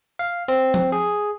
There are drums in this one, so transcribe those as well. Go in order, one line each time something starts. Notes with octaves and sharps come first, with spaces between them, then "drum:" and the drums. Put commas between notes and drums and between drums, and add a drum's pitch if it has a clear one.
F5
C4, drum: hi-hat
drum: tom F3
G#4